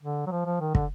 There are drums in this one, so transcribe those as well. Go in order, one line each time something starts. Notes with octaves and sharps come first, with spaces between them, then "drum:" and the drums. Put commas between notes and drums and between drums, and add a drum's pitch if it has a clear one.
D3
F#3
F3
F3
D#3
D3, drum: kick